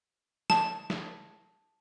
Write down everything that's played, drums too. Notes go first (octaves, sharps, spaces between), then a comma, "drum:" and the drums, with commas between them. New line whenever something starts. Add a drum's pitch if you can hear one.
A5, drum: snare
drum: snare